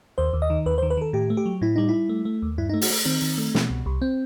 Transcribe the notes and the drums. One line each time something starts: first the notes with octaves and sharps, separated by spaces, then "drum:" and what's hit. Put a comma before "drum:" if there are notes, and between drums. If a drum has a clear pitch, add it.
D#2 C5
D#2
D#5
D#3
D#2 B4
C5
D#3
B4
D#3 A4
A2 G4
A3
G4
F#3
A2 E4
G3 D#4
G3 E4
A3
A3
D#2
G2 E4
D#4
A3
F#4, drum: open hi-hat
A3
D#3 C4
D#3
A3
B2, drum: snare
C2
C2
C4